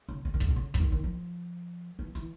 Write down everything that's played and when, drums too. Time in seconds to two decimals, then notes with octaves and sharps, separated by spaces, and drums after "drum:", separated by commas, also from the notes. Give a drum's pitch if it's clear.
0.09 C#3
0.25 C#3
0.34 D#3
0.40 D3, drum: kick
0.48 C3
0.56 C#3
0.74 E3, drum: kick
0.80 D#3
0.92 D#3
1.04 F3
1.99 E3
2.15 E3, drum: hi-hat